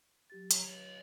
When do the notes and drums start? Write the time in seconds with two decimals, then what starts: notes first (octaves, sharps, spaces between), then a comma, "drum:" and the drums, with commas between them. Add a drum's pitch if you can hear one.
0.30 F#3 G4 A6
0.51 C#5 A#5, drum: hi-hat
0.64 C#5 D#5